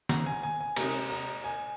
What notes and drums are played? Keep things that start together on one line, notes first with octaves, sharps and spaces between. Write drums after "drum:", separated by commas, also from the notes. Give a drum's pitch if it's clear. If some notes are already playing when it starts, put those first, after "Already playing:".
A#5, drum: snare
G#5
G#5
G#5
C3 G#3 C4 A#5, drum: cymbal
A#5
G#5